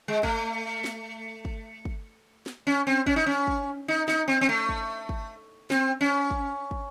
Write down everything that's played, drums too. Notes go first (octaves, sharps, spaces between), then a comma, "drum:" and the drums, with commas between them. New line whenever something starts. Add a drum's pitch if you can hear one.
G#3
A3, drum: kick
drum: snare
drum: kick
drum: kick
drum: snare
C#4
C4
C#4, drum: kick
D#4
C#4
drum: kick
D#4
D#4, drum: snare
C4
C4
A3
drum: kick
drum: kick
C4, drum: snare
C#4
drum: kick
drum: kick